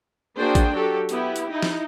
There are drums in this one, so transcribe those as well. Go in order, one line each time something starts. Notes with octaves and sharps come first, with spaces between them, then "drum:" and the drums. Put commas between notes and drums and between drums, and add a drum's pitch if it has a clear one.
A#3 D4 F#4 G#4 C5 G5
drum: kick A1, hi-hat
F#3 F#4 G4 A4
B3 E4 G4, drum: hi-hat
drum: hi-hat
D#4 E4
drum: snare